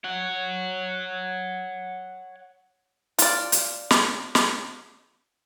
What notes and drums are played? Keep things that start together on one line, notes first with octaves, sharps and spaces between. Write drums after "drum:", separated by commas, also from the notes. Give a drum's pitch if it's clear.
C#5 F#5
F4 D5, drum: hi-hat
drum: hi-hat
drum: snare
drum: snare